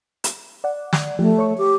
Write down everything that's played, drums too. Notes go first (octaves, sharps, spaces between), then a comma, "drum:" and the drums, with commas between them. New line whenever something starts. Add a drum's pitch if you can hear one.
drum: hi-hat
D5 F#5
drum: snare
F3 A3 G4
C#5 C#6
G4